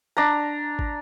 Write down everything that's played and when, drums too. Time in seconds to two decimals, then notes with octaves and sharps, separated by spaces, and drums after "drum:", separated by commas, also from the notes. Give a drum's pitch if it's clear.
0.17 D4 A#5
0.79 drum: kick